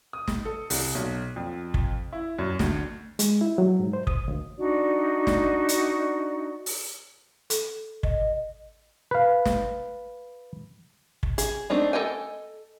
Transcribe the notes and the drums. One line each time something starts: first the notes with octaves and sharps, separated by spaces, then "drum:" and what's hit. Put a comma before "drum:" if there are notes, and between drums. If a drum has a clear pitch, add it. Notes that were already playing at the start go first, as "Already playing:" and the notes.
D#6
drum: snare
A4
C2, drum: open hi-hat
B1
F2
drum: kick
E4
F#2
D2, drum: snare
G#3, drum: hi-hat
E4
F#3
G#2
C5
D#6, drum: kick
D2
D4 D#4 F#4 D5
drum: snare
drum: hi-hat
drum: open hi-hat
A4, drum: hi-hat
D#5, drum: kick
B4 F5
drum: snare
drum: kick
G#4, drum: hi-hat
A3 C4 D4 D#4
A4 A#4 D#5 G5 G#5